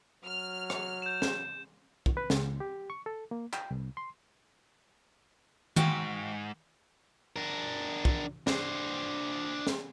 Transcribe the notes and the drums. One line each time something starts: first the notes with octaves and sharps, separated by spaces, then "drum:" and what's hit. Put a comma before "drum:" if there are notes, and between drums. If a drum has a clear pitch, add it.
F#3 F6
drum: rim click
G6 E7
drum: snare
drum: kick
B4
C#2, drum: snare
G4
C#6
A4
A#3
G5, drum: clap
C2
C6
G#2 F#4 F5 G5, drum: tom D#3
D4 A#4
drum: kick
D4 C5, drum: snare
drum: snare